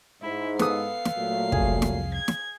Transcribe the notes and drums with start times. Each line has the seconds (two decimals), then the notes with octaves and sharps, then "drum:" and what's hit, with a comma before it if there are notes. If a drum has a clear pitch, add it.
0.22 G#2 E4
0.59 B3 A4 F5 D#6 C7, drum: snare
1.05 drum: snare
1.16 A#2 F#3 A3
1.52 C2 F2 G#4, drum: kick
1.82 drum: snare
2.15 G#6
2.28 drum: snare